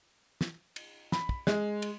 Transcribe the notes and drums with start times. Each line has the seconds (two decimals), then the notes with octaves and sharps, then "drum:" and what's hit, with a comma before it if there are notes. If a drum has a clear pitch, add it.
0.41 drum: snare
0.76 drum: cymbal
1.12 B5, drum: snare
1.29 drum: kick
1.47 G#3, drum: snare
1.82 drum: cymbal